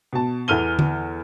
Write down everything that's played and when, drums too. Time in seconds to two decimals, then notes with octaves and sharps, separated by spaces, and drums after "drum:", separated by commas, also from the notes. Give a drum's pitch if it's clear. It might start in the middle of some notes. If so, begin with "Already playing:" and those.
0.13 B2 A5
0.48 E2 E3 A4 F6 D#7 G7
0.79 drum: tom D3